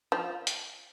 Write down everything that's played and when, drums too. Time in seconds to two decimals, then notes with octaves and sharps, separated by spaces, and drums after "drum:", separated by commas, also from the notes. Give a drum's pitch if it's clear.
0.12 F3
0.47 drum: hi-hat